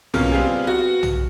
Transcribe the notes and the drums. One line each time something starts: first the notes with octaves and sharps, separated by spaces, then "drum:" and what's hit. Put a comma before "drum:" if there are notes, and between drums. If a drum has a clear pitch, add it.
B2 A#3 C#4 F4 F6, drum: tom
G3 B3 C4 F4 G4 G#4
B3 F#4
drum: tom